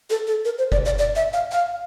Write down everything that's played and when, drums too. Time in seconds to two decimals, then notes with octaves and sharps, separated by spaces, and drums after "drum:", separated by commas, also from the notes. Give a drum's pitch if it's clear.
0.10 A4
0.27 A4
0.45 A#4
0.58 C5
0.72 D5, drum: kick F1
0.85 D5
0.98 D5
1.16 E5
1.33 F5
1.52 F5